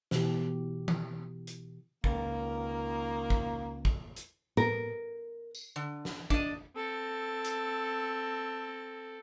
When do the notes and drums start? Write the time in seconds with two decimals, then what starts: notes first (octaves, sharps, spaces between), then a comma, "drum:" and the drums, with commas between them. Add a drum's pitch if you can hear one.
0.11 B2 E3 E4 G4, drum: snare
0.88 drum: tom D#3
1.47 drum: hi-hat
2.04 C#2 D#3 A#3, drum: kick
3.30 drum: kick
3.85 drum: kick
4.16 drum: hi-hat
4.57 A#4, drum: tom A2
5.55 drum: tambourine
5.76 D3
6.05 drum: snare
6.30 D4 D#5, drum: kick
6.76 C4 A4
7.45 drum: hi-hat